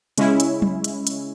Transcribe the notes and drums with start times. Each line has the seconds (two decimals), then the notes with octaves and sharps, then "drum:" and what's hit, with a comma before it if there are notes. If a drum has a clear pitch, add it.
0.18 C#3 G#3 C#4 E4, drum: hi-hat
0.40 drum: hi-hat
0.62 drum: tom F#3
0.84 drum: hi-hat
1.07 drum: hi-hat